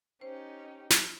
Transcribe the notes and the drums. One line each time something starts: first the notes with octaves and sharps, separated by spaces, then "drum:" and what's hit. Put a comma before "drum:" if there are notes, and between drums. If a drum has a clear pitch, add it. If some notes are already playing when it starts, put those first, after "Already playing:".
C#4 D#4 G4 C5
drum: snare